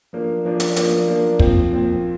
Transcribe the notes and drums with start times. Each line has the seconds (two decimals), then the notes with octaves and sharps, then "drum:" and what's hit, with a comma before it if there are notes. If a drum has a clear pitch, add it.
0.13 F3 A#3 D4
0.45 F3 A#3 D4
0.60 drum: hi-hat
0.76 F3 A#3 D4, drum: hi-hat
1.08 F3 A#3 D4
1.39 A#2 F3 C4, drum: kick
1.71 A#2 F3 C4